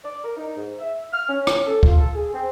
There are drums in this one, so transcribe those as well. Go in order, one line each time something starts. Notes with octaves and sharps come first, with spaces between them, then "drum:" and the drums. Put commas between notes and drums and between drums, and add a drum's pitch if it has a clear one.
D5
A#4
D#4
G#2
E5
F6
C#4
drum: rim click
A4
F4, drum: kick D2
A4
G#4
C4